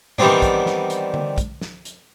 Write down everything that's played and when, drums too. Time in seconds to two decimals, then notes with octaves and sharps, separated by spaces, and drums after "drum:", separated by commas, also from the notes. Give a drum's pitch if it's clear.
0.18 D#3 E3 G3 B3 C4 D4, drum: tom G#2
0.42 drum: kick, hi-hat
0.66 drum: snare
0.90 drum: hi-hat
1.14 drum: tom D3
1.38 drum: kick, hi-hat
1.61 drum: snare
1.85 drum: hi-hat